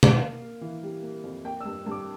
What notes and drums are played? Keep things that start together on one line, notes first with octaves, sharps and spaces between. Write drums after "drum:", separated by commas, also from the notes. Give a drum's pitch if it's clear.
drum: tom B2
A#3 F5
A#3
E3
G3
A#3
F2
A#3 G5
E6
G2
G2
D6